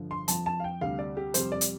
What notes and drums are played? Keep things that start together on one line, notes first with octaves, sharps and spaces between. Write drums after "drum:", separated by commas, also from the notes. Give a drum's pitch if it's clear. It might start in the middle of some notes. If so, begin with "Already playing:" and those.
Already playing: G1 G2 D3 F3
C6
F2 F3 A5, drum: hi-hat
A5
F5
G5
D2 C3 G3 F5
D5
G4
F2 C3 G3 C5, drum: hi-hat
D5
drum: hi-hat